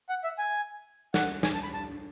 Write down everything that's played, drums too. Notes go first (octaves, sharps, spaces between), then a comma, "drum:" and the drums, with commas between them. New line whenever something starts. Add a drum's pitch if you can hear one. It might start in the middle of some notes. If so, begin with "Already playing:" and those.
F#5
E5
G#5
F#5, drum: snare
G#5, drum: snare
A5
B5
A5